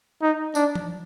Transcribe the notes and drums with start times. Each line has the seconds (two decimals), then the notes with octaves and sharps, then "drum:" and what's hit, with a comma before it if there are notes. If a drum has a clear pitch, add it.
0.22 D#4
0.55 D4, drum: tambourine
0.75 drum: tom F3